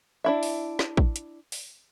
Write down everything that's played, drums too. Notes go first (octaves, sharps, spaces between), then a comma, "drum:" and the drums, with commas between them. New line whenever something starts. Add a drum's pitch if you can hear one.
D4 E4 E5
drum: open hi-hat
drum: snare
drum: kick A1
drum: hi-hat
drum: open hi-hat